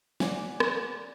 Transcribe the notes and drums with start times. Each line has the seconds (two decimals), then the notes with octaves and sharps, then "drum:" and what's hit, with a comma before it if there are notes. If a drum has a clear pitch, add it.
0.20 D5 F#5 G#5, drum: snare
0.60 drum: rim click